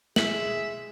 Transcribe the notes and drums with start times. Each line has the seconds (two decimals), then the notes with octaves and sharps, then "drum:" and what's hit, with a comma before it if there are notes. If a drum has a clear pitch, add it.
0.16 G#3 G#4 E5 F#7, drum: snare